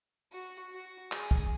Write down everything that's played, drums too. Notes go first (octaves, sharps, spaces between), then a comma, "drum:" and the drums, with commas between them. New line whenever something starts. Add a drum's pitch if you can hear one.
F#4
F#4
G#4, drum: clap
drum: kick